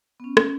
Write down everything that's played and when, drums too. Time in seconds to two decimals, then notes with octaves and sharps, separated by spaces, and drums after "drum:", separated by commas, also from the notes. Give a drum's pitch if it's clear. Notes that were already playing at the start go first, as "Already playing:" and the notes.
0.20 B3
0.24 C#4
0.37 drum: rim click